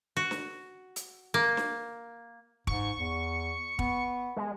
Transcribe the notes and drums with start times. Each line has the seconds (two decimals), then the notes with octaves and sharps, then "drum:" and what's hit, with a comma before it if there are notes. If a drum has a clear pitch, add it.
0.17 F#4
0.31 drum: snare
0.96 drum: hi-hat
1.34 A#3
1.57 drum: snare
2.67 G#2 C#6, drum: kick
2.98 E2
3.79 B3, drum: kick
4.37 G#3